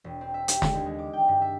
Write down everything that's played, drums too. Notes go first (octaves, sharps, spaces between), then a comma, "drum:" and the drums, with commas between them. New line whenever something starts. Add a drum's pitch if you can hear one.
E1
C4
E5
G4, drum: hi-hat
D3, drum: snare
D#2
G#3
D6
G5
G2
E5